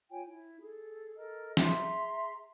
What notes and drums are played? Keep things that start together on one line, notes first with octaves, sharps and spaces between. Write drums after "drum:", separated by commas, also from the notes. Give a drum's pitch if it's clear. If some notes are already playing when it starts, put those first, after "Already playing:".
F4 C#5 G5 G#5
E4
G#4 A4
A4 A#4 D#5
G#4 E5 A#5 C6, drum: snare